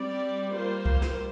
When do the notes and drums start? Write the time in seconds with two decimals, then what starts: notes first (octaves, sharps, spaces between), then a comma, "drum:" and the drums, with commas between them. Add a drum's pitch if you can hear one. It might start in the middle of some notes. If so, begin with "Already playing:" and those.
Already playing: G3 C4 G4 D5
0.53 G3 A#3 F4 C5
0.85 drum: kick C2
1.02 drum: snare